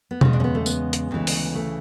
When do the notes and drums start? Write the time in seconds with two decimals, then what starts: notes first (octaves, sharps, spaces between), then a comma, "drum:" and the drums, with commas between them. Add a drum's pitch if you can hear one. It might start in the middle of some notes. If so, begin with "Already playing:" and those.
0.11 B3
0.21 E2 C#3 G#3 C#4, drum: tom B2
0.33 D4
0.40 C#4
0.44 B3
0.55 A3
0.66 B3, drum: tambourine
0.93 drum: hi-hat
1.11 D2 C#3 E3 G#3
1.27 drum: open hi-hat
1.55 A3